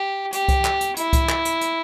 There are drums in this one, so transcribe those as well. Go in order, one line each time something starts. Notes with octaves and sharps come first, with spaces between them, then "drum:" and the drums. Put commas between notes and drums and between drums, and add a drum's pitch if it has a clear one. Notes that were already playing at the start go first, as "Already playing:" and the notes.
Already playing: G4
G4, drum: hi-hat
drum: kick C2, hi-hat
drum: clap
drum: hi-hat
E4, drum: hi-hat
drum: kick C2, hi-hat
drum: clap
drum: hi-hat
drum: hi-hat